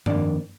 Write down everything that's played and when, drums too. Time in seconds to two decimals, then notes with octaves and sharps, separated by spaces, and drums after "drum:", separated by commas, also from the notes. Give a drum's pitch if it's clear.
0.06 F2 D#3 A#3 D4 D5, drum: tom G2